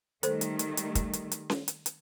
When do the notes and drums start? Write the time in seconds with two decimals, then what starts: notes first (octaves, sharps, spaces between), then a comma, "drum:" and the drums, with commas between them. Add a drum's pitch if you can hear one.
0.23 D#3 G3 A3 A4 C5, drum: hi-hat
0.41 drum: hi-hat
0.59 drum: hi-hat
0.77 drum: hi-hat
0.95 drum: kick, hi-hat
1.13 drum: hi-hat
1.31 drum: hi-hat
1.50 drum: snare C#4
1.68 drum: hi-hat
1.86 drum: hi-hat